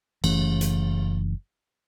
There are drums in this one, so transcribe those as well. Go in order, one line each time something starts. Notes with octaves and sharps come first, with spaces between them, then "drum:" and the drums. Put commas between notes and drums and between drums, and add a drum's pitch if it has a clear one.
F#1 E3 A3 C#4, drum: cymbal
drum: hi-hat